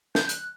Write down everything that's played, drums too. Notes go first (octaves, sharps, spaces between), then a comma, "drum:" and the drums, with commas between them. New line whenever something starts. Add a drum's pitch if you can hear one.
G6, drum: snare
F#6, drum: hi-hat